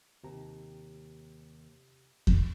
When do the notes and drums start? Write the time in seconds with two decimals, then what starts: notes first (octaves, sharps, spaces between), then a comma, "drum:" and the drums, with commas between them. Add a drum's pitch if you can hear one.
0.24 D#2 C3 G4 A#5
2.27 drum: kick E2